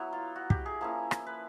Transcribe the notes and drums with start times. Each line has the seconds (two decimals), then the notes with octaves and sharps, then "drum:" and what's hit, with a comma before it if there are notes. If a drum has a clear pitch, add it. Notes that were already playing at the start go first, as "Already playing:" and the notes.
Already playing: F#3 B3 E4
0.13 F4
0.36 F#4
0.50 G4, drum: kick
0.66 G#4
0.81 F3 A#3 C#4 E4
1.11 drum: rim click
1.27 B4